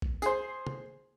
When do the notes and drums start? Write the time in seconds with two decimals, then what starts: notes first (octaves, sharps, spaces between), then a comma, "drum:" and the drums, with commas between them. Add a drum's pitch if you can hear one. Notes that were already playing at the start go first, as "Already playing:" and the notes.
0.02 drum: kick A#1
0.22 G#4 C5, drum: tambourine
0.67 drum: tom